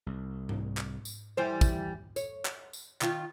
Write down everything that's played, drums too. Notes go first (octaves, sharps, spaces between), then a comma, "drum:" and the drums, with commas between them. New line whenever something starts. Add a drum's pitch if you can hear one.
C2
drum: tom G#2
drum: clap
drum: tambourine
E3 G3 C5
drum: kick, tambourine
C#5, drum: tambourine
drum: clap
drum: tambourine
D#3 F4, drum: clap